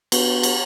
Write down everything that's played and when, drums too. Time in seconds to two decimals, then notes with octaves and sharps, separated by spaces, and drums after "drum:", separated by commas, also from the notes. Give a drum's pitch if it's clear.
0.12 B3 D4 F#4 B4, drum: cymbal
0.43 drum: cymbal